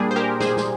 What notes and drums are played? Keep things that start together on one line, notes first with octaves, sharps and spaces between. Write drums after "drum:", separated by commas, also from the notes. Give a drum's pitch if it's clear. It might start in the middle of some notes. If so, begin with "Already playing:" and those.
Already playing: A#2 G3 A#3 D4 G#4
C5
G4 A#4
G#4 C5, drum: snare
drum: snare